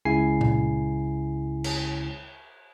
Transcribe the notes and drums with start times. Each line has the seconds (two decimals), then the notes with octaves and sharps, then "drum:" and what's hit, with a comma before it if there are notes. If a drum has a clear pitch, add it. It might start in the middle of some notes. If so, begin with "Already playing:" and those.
0.05 C#2 C#3 E4 G#5 C7
0.41 drum: tom A#2
1.64 drum: cymbal